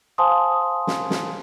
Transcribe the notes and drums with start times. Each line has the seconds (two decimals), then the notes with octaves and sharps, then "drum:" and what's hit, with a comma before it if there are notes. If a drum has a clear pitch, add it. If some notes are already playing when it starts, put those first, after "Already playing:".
0.18 C5 F5 G#5 A5 C6 D#6
0.87 drum: snare
1.10 drum: snare